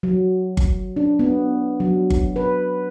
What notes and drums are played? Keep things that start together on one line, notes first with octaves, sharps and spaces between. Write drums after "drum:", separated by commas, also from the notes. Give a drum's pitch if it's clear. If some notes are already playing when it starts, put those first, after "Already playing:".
F#3
drum: kick G1
D4
B3
F#3
drum: kick G1
B4